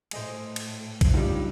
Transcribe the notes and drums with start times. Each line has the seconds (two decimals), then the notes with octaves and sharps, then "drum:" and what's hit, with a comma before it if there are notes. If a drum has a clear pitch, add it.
0.11 A2 C5 D#5 G#5, drum: cymbal
0.56 drum: cymbal
1.01 drum: kick, cymbal
1.14 C#2 G2 F#3 G3 D#4 F4